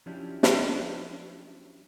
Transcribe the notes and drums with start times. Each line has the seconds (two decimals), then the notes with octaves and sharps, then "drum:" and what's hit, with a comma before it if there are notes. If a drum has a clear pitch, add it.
0.06 F3 F#3 C#4 D4 E4 G4
0.43 drum: snare